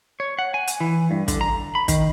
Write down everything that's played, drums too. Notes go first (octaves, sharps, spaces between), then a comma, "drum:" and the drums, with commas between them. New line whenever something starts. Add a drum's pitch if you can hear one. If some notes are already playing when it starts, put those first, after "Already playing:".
C#5
F#5
G#5
drum: hi-hat
E3
G2
D3, drum: kick, hi-hat
A#5
B5
D#3, drum: kick, hi-hat